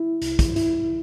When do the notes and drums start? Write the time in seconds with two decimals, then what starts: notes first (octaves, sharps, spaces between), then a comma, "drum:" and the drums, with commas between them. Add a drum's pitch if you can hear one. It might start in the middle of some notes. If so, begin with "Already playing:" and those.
Already playing: E4
0.22 C2, drum: hi-hat
0.39 drum: kick, hi-hat
0.56 E4, drum: hi-hat